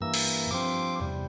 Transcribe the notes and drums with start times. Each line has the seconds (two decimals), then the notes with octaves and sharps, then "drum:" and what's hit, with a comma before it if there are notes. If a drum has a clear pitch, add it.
0.01 G2 E3 A#3 E6
0.14 drum: cymbal
0.50 G2 F3 C4 D6
1.00 E2 C3 G3